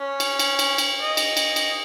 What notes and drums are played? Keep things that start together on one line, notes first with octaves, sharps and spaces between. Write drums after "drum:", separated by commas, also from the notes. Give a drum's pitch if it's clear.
C#4
drum: cymbal
drum: cymbal
drum: cymbal
drum: cymbal
D#5
drum: cymbal
drum: cymbal
drum: cymbal